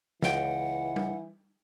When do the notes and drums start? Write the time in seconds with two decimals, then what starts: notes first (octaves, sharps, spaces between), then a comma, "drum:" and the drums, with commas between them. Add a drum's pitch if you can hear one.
0.22 C#2 E3 F#5 G5, drum: snare
0.96 drum: tom G3